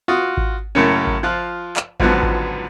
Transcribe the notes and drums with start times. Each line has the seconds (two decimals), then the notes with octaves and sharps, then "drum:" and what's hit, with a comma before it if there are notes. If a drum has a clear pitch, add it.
0.08 F4 F#4 D#6
0.37 drum: kick G#1
0.75 F#2 A2 C#3 A#3 C#4
1.07 drum: kick G#1
1.23 F3 F4 F#6
1.76 drum: clap
2.00 C#2 G#2 D3 F3 F#3 B3, drum: kick G#1
2.23 drum: kick G#1